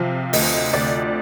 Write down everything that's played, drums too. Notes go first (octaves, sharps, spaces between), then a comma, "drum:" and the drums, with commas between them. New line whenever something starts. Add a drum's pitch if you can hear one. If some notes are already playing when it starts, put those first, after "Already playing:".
Already playing: C3 F3 F5
D2 D#5, drum: open hi-hat
D2 D5